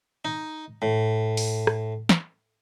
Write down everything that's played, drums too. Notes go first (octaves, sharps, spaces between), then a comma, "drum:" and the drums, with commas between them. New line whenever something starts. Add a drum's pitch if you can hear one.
D#4
A2
drum: open hi-hat
drum: rim click
drum: snare